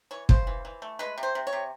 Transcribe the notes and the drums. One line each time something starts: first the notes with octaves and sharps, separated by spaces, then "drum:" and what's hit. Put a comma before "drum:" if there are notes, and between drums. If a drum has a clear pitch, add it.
E3 C#5
C#3 C5, drum: kick
E3
E3
A3
G#3 B4
C3
C5
C3
C#5
C3